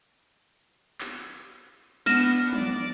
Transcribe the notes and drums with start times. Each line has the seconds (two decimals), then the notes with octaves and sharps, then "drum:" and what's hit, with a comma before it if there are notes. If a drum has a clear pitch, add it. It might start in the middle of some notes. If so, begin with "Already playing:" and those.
1.01 drum: clap
2.06 B3 D4 F6 A#6 E7, drum: snare
2.53 D5, drum: tom